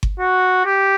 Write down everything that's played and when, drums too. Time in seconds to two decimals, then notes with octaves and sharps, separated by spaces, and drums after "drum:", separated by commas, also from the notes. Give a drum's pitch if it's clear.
0.03 drum: kick G1
0.20 F#4
0.65 G4